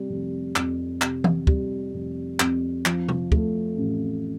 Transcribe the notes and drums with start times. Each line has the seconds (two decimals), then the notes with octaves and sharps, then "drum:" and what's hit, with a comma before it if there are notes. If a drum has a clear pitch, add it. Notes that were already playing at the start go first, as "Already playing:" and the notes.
Already playing: C3 G3
0.09 F1
0.56 F2, drum: clap
1.01 C3, drum: clap
1.24 drum: tom E3
1.47 G3, drum: kick
1.94 F1
2.40 F2, drum: clap
2.86 F3, drum: clap
3.09 drum: tom C3
3.32 A3, drum: kick
3.78 A1